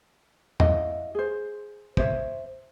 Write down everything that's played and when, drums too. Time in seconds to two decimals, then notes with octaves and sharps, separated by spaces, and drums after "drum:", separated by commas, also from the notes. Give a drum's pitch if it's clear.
0.60 E4 D#5 F5, drum: tom
1.15 G#4 C5
1.97 C5 C#5 E5, drum: kick